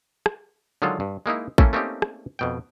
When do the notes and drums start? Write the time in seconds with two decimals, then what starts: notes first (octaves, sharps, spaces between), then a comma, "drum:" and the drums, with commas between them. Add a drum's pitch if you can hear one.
0.26 drum: rim click
0.82 D3 D#3 F#3 G#3 F4 A4
1.00 G2
1.26 G#3 A#3 D#4 E4
1.58 A3 A#3 C#4 E4 A4, drum: kick A1
1.73 A3 A#3 C4 C#4 D#4 G4
2.02 drum: rim click
2.39 F2 B2 G5